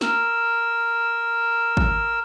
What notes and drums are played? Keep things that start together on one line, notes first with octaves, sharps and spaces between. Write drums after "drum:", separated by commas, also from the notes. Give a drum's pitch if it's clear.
A#4 E6, drum: snare
drum: kick